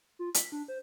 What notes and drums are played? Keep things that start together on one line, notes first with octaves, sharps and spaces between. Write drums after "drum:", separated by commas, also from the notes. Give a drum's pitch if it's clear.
F4
B6, drum: hi-hat
D4
C5